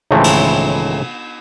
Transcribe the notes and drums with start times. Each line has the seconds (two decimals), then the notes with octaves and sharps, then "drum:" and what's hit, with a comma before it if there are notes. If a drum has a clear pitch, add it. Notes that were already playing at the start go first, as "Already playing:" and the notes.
0.11 C#2 A2 D#3 E3 A3 C4
0.24 drum: cymbal